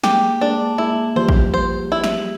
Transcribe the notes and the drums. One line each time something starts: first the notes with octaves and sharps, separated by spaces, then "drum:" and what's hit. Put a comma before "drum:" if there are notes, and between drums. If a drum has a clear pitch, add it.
G#3 A#3 G4, drum: snare
G#3 A#3 D4
G#3 A#3 E4
F3 G3 C5
drum: kick
C5
E4
drum: snare